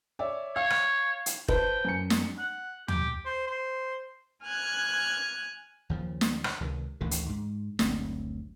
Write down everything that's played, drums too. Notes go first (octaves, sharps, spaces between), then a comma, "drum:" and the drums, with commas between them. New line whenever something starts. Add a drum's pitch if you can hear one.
C#5 D5 E5
C#5 F5
drum: rim click
drum: hi-hat
B4 C5 G5 A5, drum: kick
F#2 C#7
drum: snare
F#5
G4, drum: tom
C5
C5
G#5 F6 F#6 G#6
D#2 C#3 F3
drum: snare
drum: rim click
C#2 C3 D#3
A1 D2 D3 D#3
drum: hi-hat
G#2
F#1 D2 G3 C4, drum: snare